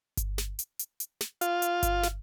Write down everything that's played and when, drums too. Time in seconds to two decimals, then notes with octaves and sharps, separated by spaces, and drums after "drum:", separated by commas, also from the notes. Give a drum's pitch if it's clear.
0.17 drum: kick G1, hi-hat
0.38 drum: snare
0.59 drum: hi-hat
0.79 drum: hi-hat
1.00 drum: hi-hat
1.21 drum: snare
1.41 F4, drum: hi-hat
1.62 drum: hi-hat
1.83 drum: kick G1, hi-hat
2.03 drum: snare